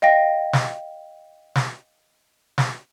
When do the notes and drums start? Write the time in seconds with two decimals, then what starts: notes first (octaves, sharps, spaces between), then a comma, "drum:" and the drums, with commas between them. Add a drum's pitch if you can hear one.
0.02 D#5 F5 G5 A#6
0.53 drum: snare
1.55 drum: snare
2.58 drum: snare